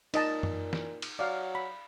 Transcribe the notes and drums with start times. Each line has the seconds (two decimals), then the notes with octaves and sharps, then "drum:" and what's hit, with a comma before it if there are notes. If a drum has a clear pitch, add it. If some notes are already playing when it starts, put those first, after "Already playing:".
0.14 A#2 D#4 D#5 A5, drum: cymbal
0.43 drum: tom
0.73 drum: snare
1.02 drum: cymbal
1.19 F#3 D5 F5
1.55 B5